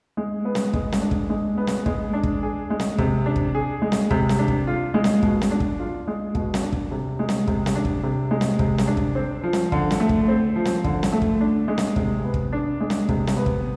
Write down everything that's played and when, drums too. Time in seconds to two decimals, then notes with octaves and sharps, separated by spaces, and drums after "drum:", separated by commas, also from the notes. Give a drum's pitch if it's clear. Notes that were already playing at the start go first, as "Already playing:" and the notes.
0.17 G#3
0.45 B3
0.55 drum: snare
0.73 G#3, drum: kick
0.92 drum: snare
1.01 D4
1.11 drum: kick
1.30 G#3
1.57 B3
1.67 drum: snare
1.86 G#3, drum: kick
2.13 D4
2.23 drum: kick
2.43 G#4
2.70 G#3
2.80 drum: snare
2.98 C3, drum: kick
3.26 D4
3.36 drum: kick
3.55 G#4
3.82 G#3
3.92 drum: snare
4.11 C3, drum: kick
4.29 drum: snare
4.39 D4
4.48 drum: kick
4.67 F4
4.94 G#3
5.04 drum: snare
5.23 B2, drum: kick
5.41 drum: snare
5.51 D4
5.60 drum: kick
5.80 F4
6.08 G#3
6.35 B2, drum: kick
6.54 drum: snare
6.63 D4
6.72 drum: kick
6.91 C3
7.19 G#3
7.29 drum: snare
7.47 C3, drum: kick
7.66 drum: snare
7.75 D4
7.85 drum: kick
8.03 C3
8.31 G#3
8.41 drum: snare
8.59 C3, drum: kick
8.78 drum: snare
8.87 D4
8.97 drum: kick
9.15 C4
9.43 F3
9.53 drum: snare
9.72 D3, drum: kick
9.91 drum: snare
10.00 A3
10.09 drum: kick
10.28 C4
10.56 F3
10.65 drum: snare
10.84 D3, drum: kick
11.03 drum: snare
11.12 A3
11.22 drum: kick
11.41 D4
11.68 G#3
11.78 drum: snare
11.96 C3, drum: kick
12.24 B3
12.34 drum: kick
12.53 D4
12.81 G#3
12.90 drum: snare
13.09 C3, drum: kick
13.27 drum: snare
13.36 B3
13.46 drum: kick